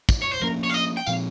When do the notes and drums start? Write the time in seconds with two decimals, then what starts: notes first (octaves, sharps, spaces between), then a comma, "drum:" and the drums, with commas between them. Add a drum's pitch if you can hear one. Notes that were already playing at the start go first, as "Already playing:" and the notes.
0.09 drum: kick, tambourine
0.22 C#5
0.31 C5
0.42 F3 A#3 C#4 A#4
0.63 C#5
0.70 F5
0.74 D#5, drum: tambourine
0.97 G5
1.06 A#2 F3 C4 F5, drum: tambourine